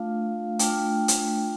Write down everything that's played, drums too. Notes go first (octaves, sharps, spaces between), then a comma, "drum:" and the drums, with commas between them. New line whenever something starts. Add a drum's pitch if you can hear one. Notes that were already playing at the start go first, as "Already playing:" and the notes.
Already playing: A3 D4 F4 F5
A3 D4 F4 G5, drum: hi-hat
drum: hi-hat